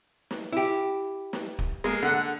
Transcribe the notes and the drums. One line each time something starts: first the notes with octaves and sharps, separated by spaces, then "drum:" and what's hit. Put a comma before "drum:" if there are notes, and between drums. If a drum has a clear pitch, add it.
drum: snare
E4 G4
drum: snare
drum: kick
G#3 A#3
D3 F#5